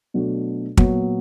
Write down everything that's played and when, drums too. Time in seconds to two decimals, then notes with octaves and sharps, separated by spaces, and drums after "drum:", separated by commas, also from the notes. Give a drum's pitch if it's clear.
0.14 B2 F#3 A3 D4 F#4
0.77 A#2 F#3 B3, drum: kick